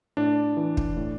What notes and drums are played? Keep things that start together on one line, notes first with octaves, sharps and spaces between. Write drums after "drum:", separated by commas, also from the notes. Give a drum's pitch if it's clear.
A2 D4 D5
E3
drum: kick
A2